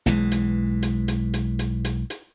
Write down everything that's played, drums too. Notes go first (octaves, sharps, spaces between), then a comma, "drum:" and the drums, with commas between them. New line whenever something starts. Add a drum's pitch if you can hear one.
B1 E3 G#3, drum: snare
drum: hi-hat
drum: hi-hat
drum: hi-hat
drum: hi-hat
drum: hi-hat
drum: hi-hat
drum: hi-hat